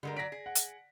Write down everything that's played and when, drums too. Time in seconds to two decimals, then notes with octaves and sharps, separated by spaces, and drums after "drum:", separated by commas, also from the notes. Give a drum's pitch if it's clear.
0.03 D3 G3 G#3 A#4
0.16 F#3 D5 A#6 B6 D7
0.32 G#4
0.46 F#5
0.55 drum: hi-hat